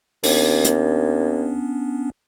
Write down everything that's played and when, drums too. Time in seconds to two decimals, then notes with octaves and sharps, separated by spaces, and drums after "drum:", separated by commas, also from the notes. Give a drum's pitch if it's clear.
0.23 D#2 B3 C#4 D4, drum: open hi-hat
0.65 drum: hi-hat